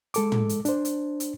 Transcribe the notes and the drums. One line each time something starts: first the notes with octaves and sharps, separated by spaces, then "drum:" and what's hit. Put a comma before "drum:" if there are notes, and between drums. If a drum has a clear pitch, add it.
G#3 A4 D6, drum: hi-hat
drum: tom
drum: hi-hat
D4 C5, drum: hi-hat
drum: hi-hat
drum: hi-hat